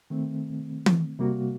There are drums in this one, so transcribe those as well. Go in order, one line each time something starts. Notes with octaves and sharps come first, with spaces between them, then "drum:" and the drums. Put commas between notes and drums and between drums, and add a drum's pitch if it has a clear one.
D#3 A3 C4
drum: tom E3
C3 G3 A#3 F#4